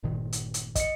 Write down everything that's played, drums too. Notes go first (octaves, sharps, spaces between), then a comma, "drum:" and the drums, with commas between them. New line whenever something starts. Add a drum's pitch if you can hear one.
G1 A#2 D#3
drum: hi-hat
drum: hi-hat
D#5 C#7, drum: kick, hi-hat